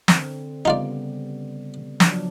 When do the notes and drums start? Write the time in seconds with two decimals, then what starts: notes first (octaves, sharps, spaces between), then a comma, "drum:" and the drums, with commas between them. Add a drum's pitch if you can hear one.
0.08 D3 C4, drum: snare
0.65 C#3 G3 B3 D#4 F4 D5
2.00 F3 F#3 D4, drum: snare